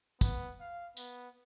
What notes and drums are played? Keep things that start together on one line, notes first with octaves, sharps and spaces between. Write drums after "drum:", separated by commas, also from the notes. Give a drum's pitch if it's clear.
B3, drum: kick, tambourine
F5
B3, drum: tambourine